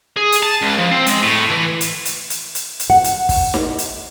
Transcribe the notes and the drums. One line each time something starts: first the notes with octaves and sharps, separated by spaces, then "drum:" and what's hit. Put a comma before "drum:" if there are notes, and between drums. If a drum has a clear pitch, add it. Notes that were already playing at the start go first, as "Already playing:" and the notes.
G#4
drum: hi-hat
A5
C#2
F3
C4
G#3, drum: hi-hat
A2
E3
drum: hi-hat
drum: hi-hat
drum: hi-hat
drum: hi-hat
drum: hi-hat
F#5
drum: hi-hat
drum: kick, open hi-hat
drum: snare D#4
drum: hi-hat